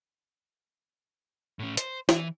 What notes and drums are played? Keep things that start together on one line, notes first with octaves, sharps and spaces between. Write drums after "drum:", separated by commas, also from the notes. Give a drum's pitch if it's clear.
A2 C#4
C5, drum: hi-hat
E3, drum: snare